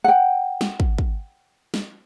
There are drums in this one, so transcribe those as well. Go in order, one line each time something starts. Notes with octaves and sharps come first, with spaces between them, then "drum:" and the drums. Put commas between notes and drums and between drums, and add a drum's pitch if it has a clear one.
F#5 G5
drum: snare
drum: kick
drum: kick
drum: snare